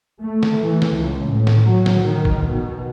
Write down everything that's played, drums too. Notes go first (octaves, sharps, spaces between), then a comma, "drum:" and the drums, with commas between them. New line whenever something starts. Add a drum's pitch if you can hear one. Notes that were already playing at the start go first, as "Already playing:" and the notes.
A3
drum: snare
E3
drum: snare
C#2
A2
drum: snare
F#3
drum: snare
D#3
drum: kick
B2